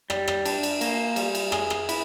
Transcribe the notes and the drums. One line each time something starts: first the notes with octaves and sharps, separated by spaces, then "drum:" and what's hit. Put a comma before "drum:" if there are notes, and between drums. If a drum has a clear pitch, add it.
G3, drum: rim click
drum: rim click
D4, drum: cymbal
drum: cymbal
A#3, drum: cymbal
G3, drum: cymbal
drum: cymbal
G#4, drum: rim click
drum: rim click
E4, drum: cymbal